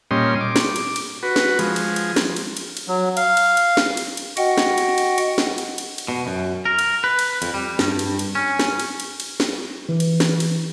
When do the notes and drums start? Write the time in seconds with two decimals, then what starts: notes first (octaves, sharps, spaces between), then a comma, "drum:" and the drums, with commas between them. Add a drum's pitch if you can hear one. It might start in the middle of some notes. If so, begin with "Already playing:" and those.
0.11 A#2 G3 C#4 D#5 C6
0.41 D6
0.56 drum: snare
0.76 drum: cymbal
0.96 drum: cymbal
1.23 F#4 B4
1.36 drum: snare
1.59 F3 G#3, drum: cymbal
1.76 drum: cymbal
1.96 drum: cymbal
2.16 drum: snare
2.36 drum: cymbal
2.57 drum: cymbal
2.77 drum: cymbal
2.88 F#3
3.17 F5, drum: cymbal
3.37 drum: cymbal
3.57 drum: cymbal
3.77 drum: snare
3.97 drum: cymbal
4.17 drum: cymbal
4.37 F#4 D#5 F#5 G5, drum: cymbal
4.58 drum: snare
4.78 drum: cymbal
4.98 drum: cymbal
5.18 drum: cymbal
5.38 drum: snare
5.58 drum: cymbal
5.78 drum: cymbal
5.98 drum: cymbal
6.08 B2
6.27 F#2
6.65 A#4
6.79 drum: cymbal
7.04 B4
7.19 drum: cymbal
7.42 F2, drum: cymbal
7.54 G3
7.79 G2, drum: snare
7.99 drum: cymbal
8.19 drum: cymbal
8.35 C#4
8.59 drum: snare
8.80 drum: cymbal
9.00 drum: cymbal
9.20 drum: cymbal
9.40 drum: snare
9.89 E3
10.00 drum: cymbal
10.20 drum: snare
10.40 drum: cymbal